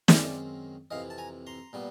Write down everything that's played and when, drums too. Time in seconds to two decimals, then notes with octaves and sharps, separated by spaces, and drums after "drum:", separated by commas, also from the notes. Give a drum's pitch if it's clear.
0.08 F#2 D#3 G#3 C4 D5 E5, drum: snare
0.91 F2 C3 E3 D#5 F5
1.10 A5
1.18 G#5 A#5
1.47 A#5 C6
1.73 A#2 G3 B3